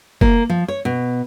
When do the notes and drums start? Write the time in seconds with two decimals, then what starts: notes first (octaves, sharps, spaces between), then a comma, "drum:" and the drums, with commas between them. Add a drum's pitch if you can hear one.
0.21 A#3, drum: kick F#1
0.50 F3
0.68 C#5
0.85 B2